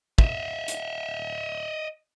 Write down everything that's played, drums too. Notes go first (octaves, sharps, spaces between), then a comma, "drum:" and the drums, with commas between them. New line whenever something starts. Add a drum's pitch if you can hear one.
D#5 E5, drum: kick
drum: hi-hat